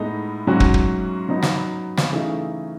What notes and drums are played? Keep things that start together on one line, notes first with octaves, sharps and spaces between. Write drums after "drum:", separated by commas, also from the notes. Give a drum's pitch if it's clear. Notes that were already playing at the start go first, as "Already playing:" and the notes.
Already playing: A2 G#3 B3 D#4 A4
G#2 F#3 C#4 F#4
drum: kick
drum: kick
F#3 B3 D#4
drum: snare
drum: snare
C#3 E3 A3 D#4